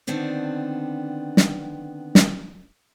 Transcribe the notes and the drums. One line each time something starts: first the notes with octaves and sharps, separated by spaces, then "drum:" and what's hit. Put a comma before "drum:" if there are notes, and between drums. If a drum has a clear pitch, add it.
D3 D#3 B3 C4 D4
drum: snare
drum: snare